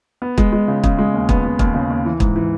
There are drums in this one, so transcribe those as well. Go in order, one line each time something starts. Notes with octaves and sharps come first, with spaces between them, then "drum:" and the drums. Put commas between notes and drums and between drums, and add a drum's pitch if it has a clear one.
B3
G#3, drum: kick
G#3
C#3
C#3, drum: kick
G#3
D#2
B3, drum: kick
B3
D#2, drum: kick
C#3
D#2
E3
G#2, drum: kick
E3